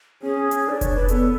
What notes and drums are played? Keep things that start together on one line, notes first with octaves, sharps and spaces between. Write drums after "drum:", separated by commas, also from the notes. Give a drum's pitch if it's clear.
C#4 G#4
drum: hi-hat
D4 D5
C#5, drum: kick F1, hi-hat
B4
B3 A4, drum: hi-hat